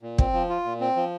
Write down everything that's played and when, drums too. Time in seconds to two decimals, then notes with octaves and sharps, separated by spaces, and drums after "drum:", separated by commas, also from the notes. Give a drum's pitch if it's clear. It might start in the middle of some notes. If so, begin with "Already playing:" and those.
0.03 A#2
0.18 C4, drum: kick
0.33 F3
0.49 F4
0.65 A#2
0.80 C4
0.96 F3